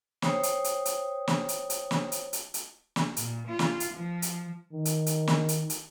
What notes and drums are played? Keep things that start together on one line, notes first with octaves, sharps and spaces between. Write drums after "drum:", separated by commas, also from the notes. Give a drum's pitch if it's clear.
C5 C#5 G5 D#6, drum: snare
drum: hi-hat
drum: hi-hat
drum: hi-hat
drum: snare
drum: hi-hat
drum: hi-hat
drum: snare
drum: hi-hat
drum: hi-hat
drum: hi-hat
drum: snare
A#2, drum: hi-hat
F4
drum: snare
drum: hi-hat
F3
drum: hi-hat
D#3
drum: hi-hat
drum: hi-hat
drum: snare
drum: hi-hat
drum: hi-hat